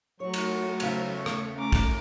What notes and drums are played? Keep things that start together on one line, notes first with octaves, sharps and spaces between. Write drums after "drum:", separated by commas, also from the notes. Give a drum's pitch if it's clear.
F#3 A3 C#5 C#6
drum: cymbal
E2 C#3 C5 E5 F5, drum: cymbal
C#5
drum: rim click
C#4 A#5 D6
drum: kick, cymbal